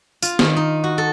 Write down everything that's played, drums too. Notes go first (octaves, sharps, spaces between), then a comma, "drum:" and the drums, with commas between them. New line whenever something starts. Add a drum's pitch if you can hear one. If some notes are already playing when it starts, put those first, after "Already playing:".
F4, drum: tambourine
D#3, drum: snare
D#4
F#4
A4